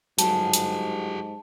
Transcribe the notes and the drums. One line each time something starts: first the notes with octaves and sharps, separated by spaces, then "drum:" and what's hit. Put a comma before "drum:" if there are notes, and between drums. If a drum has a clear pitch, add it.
G#2 F#3 G3 G4 A4 A5, drum: hi-hat
drum: hi-hat